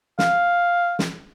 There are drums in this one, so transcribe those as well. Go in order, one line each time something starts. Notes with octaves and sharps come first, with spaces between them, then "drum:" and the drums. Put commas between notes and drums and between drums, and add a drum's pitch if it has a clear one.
F5, drum: snare
drum: snare